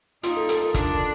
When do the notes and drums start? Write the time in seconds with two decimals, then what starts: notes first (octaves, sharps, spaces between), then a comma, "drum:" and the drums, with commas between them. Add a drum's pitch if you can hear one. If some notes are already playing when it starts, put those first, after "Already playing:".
0.23 D#4 F4, drum: hi-hat
0.37 A4
0.49 A4, drum: hi-hat
0.62 A#4
0.74 D4, drum: kick G1, hi-hat